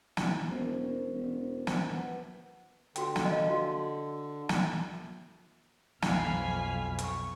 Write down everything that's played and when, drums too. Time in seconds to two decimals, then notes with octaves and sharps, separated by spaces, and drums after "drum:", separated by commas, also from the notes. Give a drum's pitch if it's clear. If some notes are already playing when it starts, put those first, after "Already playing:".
0.17 F#1 A#3, drum: snare
0.50 E1 C#4 A#4 C5
1.15 E1
1.67 drum: snare
1.90 B4 F#5
2.96 D3 F#4 G5, drum: hi-hat
3.16 drum: snare
3.25 D#5 F5 A5
3.47 F#4 F5
4.49 drum: snare
6.02 B1 F2 F5 G#5 B5, drum: snare
6.99 C#6, drum: hi-hat